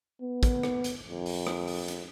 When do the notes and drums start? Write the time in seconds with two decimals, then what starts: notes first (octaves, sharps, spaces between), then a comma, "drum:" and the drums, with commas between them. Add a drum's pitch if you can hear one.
0.22 B3
0.43 drum: kick, hi-hat
0.63 drum: rim click
0.84 drum: hi-hat
1.09 F2
1.26 drum: open hi-hat
1.47 drum: rim click
1.67 drum: open hi-hat
1.88 drum: hi-hat